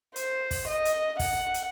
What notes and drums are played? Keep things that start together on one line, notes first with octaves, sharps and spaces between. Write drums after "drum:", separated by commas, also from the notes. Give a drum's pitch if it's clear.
C5, drum: hi-hat
drum: kick, open hi-hat
D#5
drum: hi-hat
F#5, drum: kick, open hi-hat
drum: hi-hat